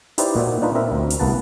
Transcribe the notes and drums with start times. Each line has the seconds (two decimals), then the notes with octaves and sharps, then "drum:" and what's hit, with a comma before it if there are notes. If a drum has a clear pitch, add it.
0.18 D#4 E4 G4 B4 C5 D5, drum: hi-hat
0.36 A#2 F#4 E5
0.62 D4 D#4 F4 B4
0.75 C4 A#4 E5
0.92 D2
1.10 drum: hi-hat
1.20 C2 A#3 B3 B4 A5